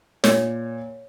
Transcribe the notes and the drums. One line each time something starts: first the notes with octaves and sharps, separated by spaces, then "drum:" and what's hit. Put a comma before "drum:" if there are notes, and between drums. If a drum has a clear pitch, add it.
A#2 C#5, drum: snare